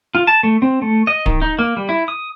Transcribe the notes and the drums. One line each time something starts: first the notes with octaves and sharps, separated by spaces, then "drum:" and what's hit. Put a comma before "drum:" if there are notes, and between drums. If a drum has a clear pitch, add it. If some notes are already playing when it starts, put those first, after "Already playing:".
F4
A5
A3
C4
A3
D#5
D#3, drum: kick D1
D#4
A#3
G3
E4
D#6